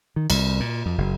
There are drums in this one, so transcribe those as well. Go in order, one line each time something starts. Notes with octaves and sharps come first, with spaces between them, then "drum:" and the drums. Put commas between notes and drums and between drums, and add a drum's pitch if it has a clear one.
D#3
C2, drum: cymbal
A#2
F2
F#1